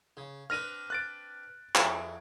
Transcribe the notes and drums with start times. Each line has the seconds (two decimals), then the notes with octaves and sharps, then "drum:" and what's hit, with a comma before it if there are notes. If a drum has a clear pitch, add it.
0.17 C#3
0.50 C4 D4 B4 F6 A#6 D#7
0.90 F#6 A6 D7
1.75 F2 G#4 E5 D7, drum: clap